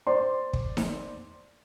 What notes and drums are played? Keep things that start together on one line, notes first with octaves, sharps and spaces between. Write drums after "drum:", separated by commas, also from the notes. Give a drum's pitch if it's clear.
C5 D5 C6
drum: kick
drum: snare D#4